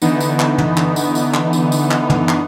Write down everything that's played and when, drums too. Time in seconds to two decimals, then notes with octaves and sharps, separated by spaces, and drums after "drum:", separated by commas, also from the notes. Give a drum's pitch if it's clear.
0.02 D3 E3 B3 D#4, drum: tambourine
0.21 drum: tambourine
0.39 drum: clap
0.58 drum: tom
0.77 drum: clap
0.96 drum: tambourine
1.15 drum: tambourine
1.34 drum: clap
1.53 drum: tambourine
1.72 drum: tambourine
1.91 drum: clap
2.10 drum: tom
2.29 drum: clap